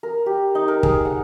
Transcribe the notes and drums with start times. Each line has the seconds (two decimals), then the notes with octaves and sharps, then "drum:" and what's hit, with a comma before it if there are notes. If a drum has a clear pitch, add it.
0.03 A#4
0.26 G4
0.55 D#4
0.68 A#4
0.83 G#4, drum: kick
1.05 F#5